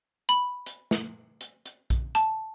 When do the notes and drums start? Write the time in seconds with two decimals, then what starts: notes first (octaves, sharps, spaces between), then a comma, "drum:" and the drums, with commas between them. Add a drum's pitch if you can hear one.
0.29 B5
0.66 drum: hi-hat
0.91 drum: snare
1.41 drum: hi-hat
1.66 drum: hi-hat
1.90 drum: kick A#1, hi-hat
2.15 A5, drum: hi-hat